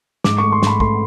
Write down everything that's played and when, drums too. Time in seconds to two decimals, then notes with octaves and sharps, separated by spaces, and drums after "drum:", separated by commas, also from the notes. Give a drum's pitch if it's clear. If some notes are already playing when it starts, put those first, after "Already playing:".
0.24 G#2 D6, drum: snare
0.38 A3 C#6
0.52 C6
0.62 G#2 B5, drum: snare
0.80 A3 C6, drum: kick